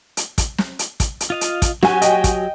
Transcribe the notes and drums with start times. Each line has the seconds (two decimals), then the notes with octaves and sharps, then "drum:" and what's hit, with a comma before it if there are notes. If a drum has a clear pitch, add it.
0.17 drum: hi-hat
0.38 drum: kick, hi-hat
0.58 drum: snare
0.79 drum: hi-hat
1.00 drum: kick, hi-hat
1.20 drum: hi-hat
1.30 F4 D#5 F5
1.41 drum: hi-hat
1.62 drum: kick, hi-hat
1.83 F#3 F#4 G4 G#5, drum: snare
2.02 D#5 G5, drum: hi-hat
2.24 drum: kick, hi-hat